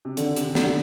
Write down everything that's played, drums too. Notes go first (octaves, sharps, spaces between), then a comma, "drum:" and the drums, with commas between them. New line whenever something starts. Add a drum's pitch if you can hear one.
C3
D3 D#3, drum: hi-hat
C3, drum: hi-hat
D3 D#3, drum: snare